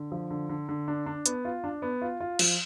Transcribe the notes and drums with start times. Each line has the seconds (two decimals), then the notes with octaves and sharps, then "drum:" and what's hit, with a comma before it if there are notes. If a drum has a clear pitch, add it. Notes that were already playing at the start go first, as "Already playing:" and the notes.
Already playing: D3
0.12 F3
0.31 D3
0.49 D3
0.69 D3
0.88 D4
1.06 D4
1.26 B3, drum: hi-hat
1.45 F4
1.64 D4
1.82 B3
2.02 F4
2.20 F4
2.39 F3, drum: cymbal